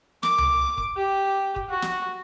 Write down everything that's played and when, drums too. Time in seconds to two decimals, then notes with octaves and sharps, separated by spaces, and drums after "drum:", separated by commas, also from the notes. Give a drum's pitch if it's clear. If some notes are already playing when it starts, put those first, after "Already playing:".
0.23 D6, drum: snare
0.38 drum: tom C#2
0.78 drum: kick
0.97 G4
1.56 drum: kick
1.69 F#4
1.82 drum: snare